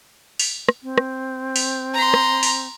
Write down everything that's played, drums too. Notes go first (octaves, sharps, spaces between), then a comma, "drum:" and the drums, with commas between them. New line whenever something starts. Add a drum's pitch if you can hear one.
drum: open hi-hat
drum: rim click
C4
drum: rim click
drum: open hi-hat
A#5 C6
drum: rim click
drum: open hi-hat